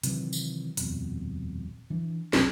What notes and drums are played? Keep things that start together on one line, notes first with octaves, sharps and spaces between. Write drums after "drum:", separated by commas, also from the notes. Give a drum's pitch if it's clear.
C3 D#3 E3 F#3, drum: hi-hat
drum: tambourine
D#1 F2 B2, drum: hi-hat
E3 D4
B1 F#2 C3, drum: snare